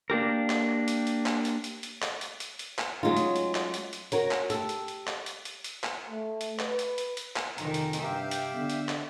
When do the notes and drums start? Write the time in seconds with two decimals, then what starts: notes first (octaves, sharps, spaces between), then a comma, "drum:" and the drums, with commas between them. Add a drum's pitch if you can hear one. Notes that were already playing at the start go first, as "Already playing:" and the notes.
0.10 A#3 D4 G4 A#4
0.50 drum: clap
0.88 drum: hi-hat
1.07 drum: hi-hat
1.26 drum: clap
1.45 drum: hi-hat
1.64 drum: hi-hat
1.83 drum: hi-hat
2.02 drum: clap
2.21 drum: hi-hat
2.40 drum: hi-hat
2.59 drum: hi-hat
2.78 drum: clap
3.03 F#3 G#3 C#4 D#4 F4
3.17 drum: hi-hat
3.36 drum: hi-hat
3.55 drum: clap
3.74 drum: hi-hat
3.93 drum: hi-hat
4.12 F#4 A#4 C#5, drum: hi-hat
4.31 drum: clap
4.50 G4 A4, drum: hi-hat
4.69 drum: hi-hat
4.88 drum: hi-hat
5.07 drum: clap
5.26 drum: hi-hat
5.45 drum: hi-hat
5.64 drum: hi-hat
5.84 drum: clap
6.09 A3
6.41 drum: hi-hat
6.59 B4, drum: clap
6.79 drum: hi-hat
6.98 drum: hi-hat
7.17 drum: hi-hat
7.36 drum: clap
7.58 F2 C3 D#3 C5 G#5 A#5, drum: hi-hat
7.74 drum: hi-hat
7.93 drum: hi-hat
8.03 G2 C3 G4 E5 F5 G5
8.31 drum: hi-hat
8.55 D3 B3
8.70 drum: hi-hat
8.89 drum: clap